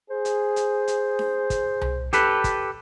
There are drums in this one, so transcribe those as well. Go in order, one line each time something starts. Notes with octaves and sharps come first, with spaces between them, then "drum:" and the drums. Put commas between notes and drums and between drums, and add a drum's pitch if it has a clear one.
G#4 C5
drum: hi-hat
drum: hi-hat
drum: hi-hat
drum: snare D4
drum: kick, hi-hat
drum: tom C2
G4 A4 B4, drum: hi-hat
drum: kick, hi-hat